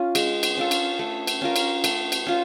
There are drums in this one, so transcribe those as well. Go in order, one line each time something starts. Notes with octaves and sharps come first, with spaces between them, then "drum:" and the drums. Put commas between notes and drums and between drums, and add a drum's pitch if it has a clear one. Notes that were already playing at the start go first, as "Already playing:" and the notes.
Already playing: C#4 F4
G#3, drum: cymbal
drum: cymbal
C#4 F4 A4
drum: cymbal
A3
drum: cymbal
C#4 F4 A#4
drum: cymbal
A3, drum: cymbal
drum: cymbal
C#4 F4